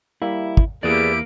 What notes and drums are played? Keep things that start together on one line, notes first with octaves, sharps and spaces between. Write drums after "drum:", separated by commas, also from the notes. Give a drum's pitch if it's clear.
G3 A#3 E4 E5
drum: kick
E2 A#3 E4 G4 G#4 B4 D5 D7